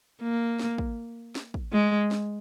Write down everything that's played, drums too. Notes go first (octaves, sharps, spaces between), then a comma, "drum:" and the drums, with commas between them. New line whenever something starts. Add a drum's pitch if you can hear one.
A#3
drum: snare
drum: kick
drum: snare
drum: kick
G#3
drum: snare